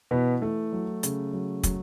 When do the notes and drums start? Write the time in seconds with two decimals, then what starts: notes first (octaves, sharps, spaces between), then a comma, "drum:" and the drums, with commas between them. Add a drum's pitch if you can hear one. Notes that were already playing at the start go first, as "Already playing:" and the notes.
0.11 B2 E3 B3
0.42 E3 A3
0.73 F#3
1.03 C#3, drum: hi-hat
1.33 F#3
1.64 F#3, drum: kick, hi-hat